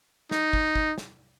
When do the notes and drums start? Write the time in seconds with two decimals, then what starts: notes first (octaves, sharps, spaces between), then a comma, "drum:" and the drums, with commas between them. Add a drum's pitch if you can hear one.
0.31 D#4, drum: snare
0.53 drum: kick
0.75 drum: kick
0.98 drum: snare